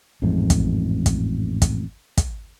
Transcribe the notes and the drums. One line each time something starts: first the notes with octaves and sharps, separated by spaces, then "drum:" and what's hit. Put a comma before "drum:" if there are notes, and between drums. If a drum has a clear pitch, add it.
A1 F2 G#2
drum: kick, hi-hat
drum: kick, hi-hat
drum: kick, hi-hat
drum: kick, hi-hat